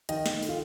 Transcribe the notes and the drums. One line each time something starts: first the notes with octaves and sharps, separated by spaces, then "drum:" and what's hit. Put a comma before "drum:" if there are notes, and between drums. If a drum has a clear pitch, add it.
D#3 D#5 G5, drum: hi-hat
drum: snare
A3, drum: open hi-hat
F4